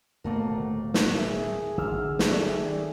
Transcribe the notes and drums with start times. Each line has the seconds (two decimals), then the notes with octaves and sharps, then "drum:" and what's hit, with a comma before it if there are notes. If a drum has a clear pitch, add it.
0.24 D1 D#2 B2 A3 A#3
0.94 drum: snare
1.19 G#4 E5
1.78 A1 D3 E6 F6
2.19 drum: snare
2.28 D#3 C#4 A4 D5 E5